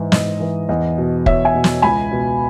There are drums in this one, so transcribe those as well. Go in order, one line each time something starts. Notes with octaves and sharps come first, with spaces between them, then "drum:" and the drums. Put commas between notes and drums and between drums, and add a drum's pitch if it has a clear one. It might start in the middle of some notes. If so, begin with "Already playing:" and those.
Already playing: G#2 E3
G#2 D#5, drum: snare
E3
E2 D#5
B2
E2 C#5 E5, drum: kick
E5 G#5
B2
drum: snare
C#2 G#5 B5
B2